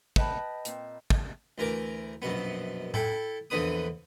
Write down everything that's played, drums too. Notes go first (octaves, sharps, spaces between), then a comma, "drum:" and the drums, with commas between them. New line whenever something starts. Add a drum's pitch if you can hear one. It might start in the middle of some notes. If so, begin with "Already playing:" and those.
B4 D#5 G5 A5 B5, drum: kick
A#2 C4, drum: hi-hat
drum: kick
D2 E3 A#4 D6
A#1 F#2 B2 B3
E4 A4 G5, drum: tom A2
A#1 E2 D3 B4 D#6